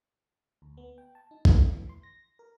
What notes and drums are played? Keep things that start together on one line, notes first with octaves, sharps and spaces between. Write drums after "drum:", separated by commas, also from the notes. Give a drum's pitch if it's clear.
D2
B3
G5
A5
D#4
A3, drum: kick
E3
C6
A#6
A#4